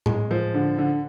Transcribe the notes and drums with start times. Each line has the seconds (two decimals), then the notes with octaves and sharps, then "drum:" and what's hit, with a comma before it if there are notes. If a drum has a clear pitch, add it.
0.06 G#3, drum: tom A2
0.31 F3
0.54 D3
0.78 D3